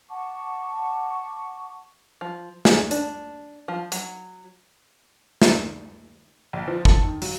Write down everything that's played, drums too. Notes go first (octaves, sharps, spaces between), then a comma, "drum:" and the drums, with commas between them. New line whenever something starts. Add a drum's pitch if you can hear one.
F#5 A5 C#6 D6
F3
G#4, drum: snare
D4, drum: hi-hat
F3
F#3, drum: hi-hat
drum: snare
A#1
F3
A4, drum: kick G1
D#3
F#3, drum: open hi-hat